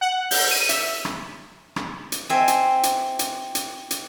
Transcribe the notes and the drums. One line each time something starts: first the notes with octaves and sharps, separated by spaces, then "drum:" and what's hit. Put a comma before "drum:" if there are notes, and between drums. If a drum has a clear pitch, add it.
F#5
G6, drum: open hi-hat
D#7
E5, drum: hi-hat
drum: rim click
drum: rim click
drum: hi-hat
C4 E5 G#5
drum: hi-hat
drum: hi-hat
drum: hi-hat
drum: hi-hat
drum: hi-hat